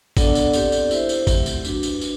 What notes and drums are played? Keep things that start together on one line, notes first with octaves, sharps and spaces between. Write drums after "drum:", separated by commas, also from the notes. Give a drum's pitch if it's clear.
B3 D4 A4 D5 F#5, drum: kick G#1, tambourine
drum: tambourine
C4 G4 D5, drum: tambourine
drum: tambourine
E4 G4 C5 E5, drum: tambourine
drum: tambourine
F#3 A3 C4 G4, drum: kick G#1, tambourine
drum: tambourine
D4 F#4 B4, drum: tambourine
drum: tambourine
drum: tambourine